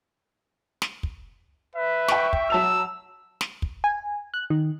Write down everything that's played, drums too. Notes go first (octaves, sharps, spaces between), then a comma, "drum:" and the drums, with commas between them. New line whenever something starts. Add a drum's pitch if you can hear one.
drum: snare
drum: kick
B4 E5
G5 C#6, drum: snare
drum: kick
F#3 A5 E6 F7
drum: snare
drum: kick
G#5
F#6
D#3